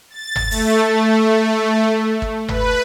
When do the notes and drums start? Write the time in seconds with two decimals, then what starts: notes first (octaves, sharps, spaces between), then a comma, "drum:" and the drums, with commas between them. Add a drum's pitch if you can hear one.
0.10 A6
0.35 drum: tom G1
0.51 A3, drum: open hi-hat
2.22 drum: kick
2.48 B4, drum: tom G1